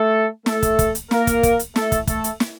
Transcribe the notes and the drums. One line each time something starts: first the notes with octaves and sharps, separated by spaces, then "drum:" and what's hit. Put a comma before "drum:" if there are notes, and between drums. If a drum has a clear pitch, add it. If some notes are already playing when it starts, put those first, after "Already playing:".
Already playing: A3 A4
A3 A4, drum: snare
drum: kick, hi-hat
drum: kick, hi-hat
drum: hi-hat
A#3 A#4, drum: snare
drum: kick, hi-hat
drum: kick, hi-hat
drum: hi-hat
A3 A4, drum: snare
drum: kick, hi-hat
A3 A4, drum: kick, hi-hat
drum: hi-hat
drum: snare